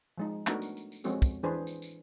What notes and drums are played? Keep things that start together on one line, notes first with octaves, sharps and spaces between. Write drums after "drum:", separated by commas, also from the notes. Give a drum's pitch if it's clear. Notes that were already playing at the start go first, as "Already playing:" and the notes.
F3 G#3 D#4
A3 B3 D4 D#4 F#4 A#4, drum: clap
drum: tambourine
drum: tambourine
drum: tambourine
F3 G#3 C4 C#4 F#4 A4, drum: tambourine
drum: kick, tambourine
E3 D4 G#4 B4 C5
drum: tambourine
drum: tambourine